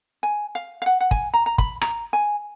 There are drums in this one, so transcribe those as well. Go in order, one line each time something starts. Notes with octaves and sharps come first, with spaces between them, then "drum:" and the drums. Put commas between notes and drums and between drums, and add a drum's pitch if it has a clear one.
G#5
F5
F5
F#5
F#5
G#5, drum: kick
A#5
A#5
B5, drum: kick
A#5, drum: rim click
G#5